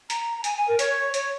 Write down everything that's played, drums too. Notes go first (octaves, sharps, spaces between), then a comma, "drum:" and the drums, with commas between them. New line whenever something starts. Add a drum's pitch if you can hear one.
A#5, drum: hi-hat
A#5
G#5, drum: hi-hat
G#5
A#4
C#5, drum: hi-hat
C#5, drum: hi-hat